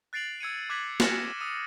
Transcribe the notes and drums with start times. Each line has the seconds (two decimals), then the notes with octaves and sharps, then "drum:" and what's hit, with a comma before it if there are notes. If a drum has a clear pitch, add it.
0.13 F#6 A6 C7 D7 F7 F#7
0.40 E6 G#6 C#7 D#7
0.70 D6 F#6 G#6 B6 F#7
1.00 F6 F#6 A6 A#6 C#7 E7, drum: snare
1.40 D#6 E6 D#7